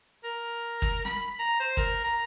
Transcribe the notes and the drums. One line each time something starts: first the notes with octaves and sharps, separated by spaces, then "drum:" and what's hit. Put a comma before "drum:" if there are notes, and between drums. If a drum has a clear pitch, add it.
A#4
drum: kick
B5, drum: snare
A#5
C5
A#4, drum: kick
A#5